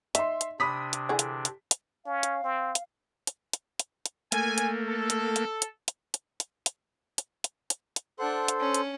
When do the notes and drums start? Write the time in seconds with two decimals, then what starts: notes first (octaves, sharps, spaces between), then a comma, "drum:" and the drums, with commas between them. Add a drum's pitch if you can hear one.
0.15 D#4 E5 C6, drum: hi-hat
0.41 drum: hi-hat
0.60 C3 D4 B5 D#6 B6
0.93 drum: hi-hat
1.09 D3 E3 G#4
1.19 drum: hi-hat
1.45 drum: hi-hat
1.71 drum: hi-hat
2.06 C#4 F5
2.23 drum: hi-hat
2.44 C4
2.75 drum: hi-hat
3.27 drum: hi-hat
3.53 drum: hi-hat
3.79 drum: hi-hat
4.06 drum: hi-hat
4.32 A3 A#3 G#5, drum: hi-hat
4.58 drum: hi-hat
4.88 A4
5.10 drum: hi-hat
5.36 drum: hi-hat
5.62 drum: hi-hat
5.88 drum: hi-hat
6.14 drum: hi-hat
6.40 drum: hi-hat
6.66 drum: hi-hat
7.18 drum: hi-hat
7.44 drum: hi-hat
7.70 drum: hi-hat
7.96 drum: hi-hat
8.19 D4 A4 C5 F#5 C6
8.48 drum: hi-hat
8.59 C#4
8.74 drum: hi-hat